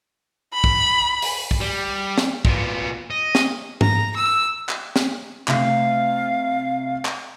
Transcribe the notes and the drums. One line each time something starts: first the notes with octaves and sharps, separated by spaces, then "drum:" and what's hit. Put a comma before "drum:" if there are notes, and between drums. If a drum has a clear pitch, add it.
B5
drum: kick
drum: open hi-hat
drum: kick
G3
drum: snare
A#2 B3, drum: kick
D#5
drum: snare
A#5, drum: tom
E6
drum: clap
drum: snare
C3 A3 C4 F5, drum: clap
drum: clap